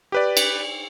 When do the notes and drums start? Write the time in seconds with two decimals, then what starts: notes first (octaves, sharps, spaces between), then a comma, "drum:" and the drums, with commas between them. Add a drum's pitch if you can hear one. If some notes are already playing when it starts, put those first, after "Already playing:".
0.12 G4 B4 D5
0.37 drum: cymbal